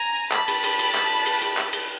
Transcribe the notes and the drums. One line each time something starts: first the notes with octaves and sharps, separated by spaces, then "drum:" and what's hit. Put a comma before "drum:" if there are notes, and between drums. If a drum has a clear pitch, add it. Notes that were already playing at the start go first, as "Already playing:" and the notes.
Already playing: G#5 A#5
A5 B5, drum: clap
drum: cymbal
drum: cymbal
drum: cymbal
drum: clap
drum: cymbal
drum: cymbal
drum: clap
drum: cymbal